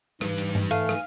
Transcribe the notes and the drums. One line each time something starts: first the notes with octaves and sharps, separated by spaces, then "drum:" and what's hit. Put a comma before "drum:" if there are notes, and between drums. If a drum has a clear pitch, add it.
G#2 E3 G3 B4, drum: rim click
drum: cymbal
drum: tom G2
A3 F5 G#5, drum: cymbal
drum: rim click